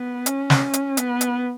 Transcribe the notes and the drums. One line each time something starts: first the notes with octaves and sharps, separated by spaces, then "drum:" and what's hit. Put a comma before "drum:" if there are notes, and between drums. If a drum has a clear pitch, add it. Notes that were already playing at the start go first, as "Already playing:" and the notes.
Already playing: B3
C#4, drum: hi-hat
drum: snare
drum: hi-hat
B3, drum: hi-hat
drum: hi-hat